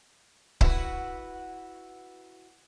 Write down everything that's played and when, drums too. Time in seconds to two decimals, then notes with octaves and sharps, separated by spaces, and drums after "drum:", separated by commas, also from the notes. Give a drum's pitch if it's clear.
0.61 E4 F#4 B4, drum: kick C#1